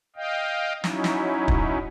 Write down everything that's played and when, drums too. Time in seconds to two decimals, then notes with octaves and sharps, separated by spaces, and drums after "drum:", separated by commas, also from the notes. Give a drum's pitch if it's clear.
0.16 D#5 F5 G5
0.84 F#3 C#4 D#4 E4, drum: snare
1.04 drum: snare
1.48 drum: kick